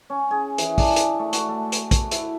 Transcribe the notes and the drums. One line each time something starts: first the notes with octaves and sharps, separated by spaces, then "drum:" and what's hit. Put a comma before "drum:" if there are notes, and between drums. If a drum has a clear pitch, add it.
C#4
G#4
E3, drum: hi-hat
D4, drum: kick, open hi-hat
drum: hi-hat
A3
F#4, drum: hi-hat
A3
drum: hi-hat
drum: kick, hi-hat
E4, drum: hi-hat